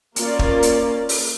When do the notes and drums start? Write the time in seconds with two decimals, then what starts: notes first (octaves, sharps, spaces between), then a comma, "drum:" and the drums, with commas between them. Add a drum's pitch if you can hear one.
0.16 A#3 C#4 F4 A#4 D5, drum: hi-hat
0.39 drum: kick
0.63 drum: hi-hat
1.09 drum: open hi-hat